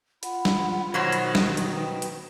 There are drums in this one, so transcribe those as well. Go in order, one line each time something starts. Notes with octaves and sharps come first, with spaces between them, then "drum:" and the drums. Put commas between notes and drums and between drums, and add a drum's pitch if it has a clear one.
F4 F#5 B5, drum: hi-hat
drum: snare
B2 D#3 F#3 C5
drum: hi-hat
drum: snare
drum: hi-hat
B4 G5
drum: hi-hat